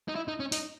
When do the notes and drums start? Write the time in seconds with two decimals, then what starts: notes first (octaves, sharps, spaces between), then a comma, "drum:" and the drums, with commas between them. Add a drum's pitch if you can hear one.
0.08 D#4
0.15 E4
0.28 D#4
0.40 C#4
0.52 D#4, drum: open hi-hat